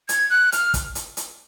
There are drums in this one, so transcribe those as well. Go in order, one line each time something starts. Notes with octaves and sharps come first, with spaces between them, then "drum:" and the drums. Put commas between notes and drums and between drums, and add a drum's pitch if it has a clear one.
G#6, drum: hi-hat
F#6
F6, drum: hi-hat
drum: kick, hi-hat
drum: hi-hat
drum: hi-hat